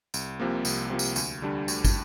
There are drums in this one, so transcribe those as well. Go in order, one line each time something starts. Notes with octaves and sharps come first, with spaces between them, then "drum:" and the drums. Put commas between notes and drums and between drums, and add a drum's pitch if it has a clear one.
C2, drum: tambourine
C3 F3 A#3
C2, drum: tambourine
C3 F3 A#3
drum: tambourine
D2, drum: tambourine
D3 G3 D4
D2, drum: tambourine
drum: kick, tambourine